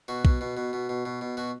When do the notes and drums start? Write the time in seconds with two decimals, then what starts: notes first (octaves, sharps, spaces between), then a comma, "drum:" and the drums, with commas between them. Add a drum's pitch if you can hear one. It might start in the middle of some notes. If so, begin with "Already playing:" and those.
0.08 B2 F#4
0.25 B2, drum: kick B1
0.41 B2
0.57 B2
0.73 B2
0.89 B2
1.05 B2
1.21 B2
1.37 B2 F#4